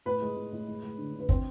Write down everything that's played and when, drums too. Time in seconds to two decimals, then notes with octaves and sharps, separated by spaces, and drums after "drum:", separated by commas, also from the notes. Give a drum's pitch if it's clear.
0.06 A2 B4
0.22 G#3
0.36 A2
0.52 A2
0.68 G#3
0.83 G#3
0.98 D3
1.13 D3
1.20 B4
1.29 C4 C5, drum: kick